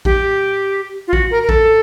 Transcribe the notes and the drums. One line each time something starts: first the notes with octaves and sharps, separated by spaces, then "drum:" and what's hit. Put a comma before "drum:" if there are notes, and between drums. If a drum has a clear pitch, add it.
G4, drum: kick A#1
F4
F#4, drum: kick A#1
A#4
A#4
A4, drum: kick A#1